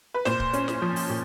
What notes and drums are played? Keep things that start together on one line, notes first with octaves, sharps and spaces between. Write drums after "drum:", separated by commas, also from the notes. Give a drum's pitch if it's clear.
B4
A#2 C5, drum: snare
drum: kick C#1
C#4, drum: hi-hat
drum: snare
F3
drum: open hi-hat
A#2